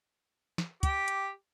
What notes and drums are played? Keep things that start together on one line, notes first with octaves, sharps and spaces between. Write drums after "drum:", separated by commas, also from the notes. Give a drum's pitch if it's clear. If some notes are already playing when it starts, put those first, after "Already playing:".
drum: snare
G4, drum: kick, hi-hat
drum: hi-hat